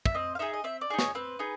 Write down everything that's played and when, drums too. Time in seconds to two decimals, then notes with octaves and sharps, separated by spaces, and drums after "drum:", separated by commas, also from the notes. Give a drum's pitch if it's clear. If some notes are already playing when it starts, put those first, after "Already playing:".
0.06 E5, drum: kick
0.14 C4 D#5
0.35 F5
0.39 D#4 G#4 E5
0.53 D#5
0.64 C4 E5
0.81 D5
0.90 D#4 G#4
0.99 C#5, drum: snare
1.15 C4 B4
1.39 D#4 G#4